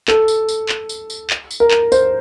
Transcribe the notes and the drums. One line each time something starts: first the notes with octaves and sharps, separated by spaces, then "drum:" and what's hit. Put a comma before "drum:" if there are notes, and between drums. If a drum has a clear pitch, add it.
A4, drum: clap
drum: tambourine
drum: tambourine
drum: clap
drum: tambourine
drum: tambourine
drum: clap
drum: tambourine
A#4
drum: clap
C5, drum: tambourine